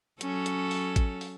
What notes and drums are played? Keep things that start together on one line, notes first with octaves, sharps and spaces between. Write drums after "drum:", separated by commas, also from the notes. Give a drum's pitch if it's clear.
F#3 C#4 A4, drum: hi-hat
drum: hi-hat
drum: open hi-hat
drum: kick A1, hi-hat
drum: open hi-hat